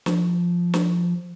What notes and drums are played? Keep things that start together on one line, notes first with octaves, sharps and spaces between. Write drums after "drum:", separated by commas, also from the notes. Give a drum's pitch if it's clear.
F3, drum: snare
drum: snare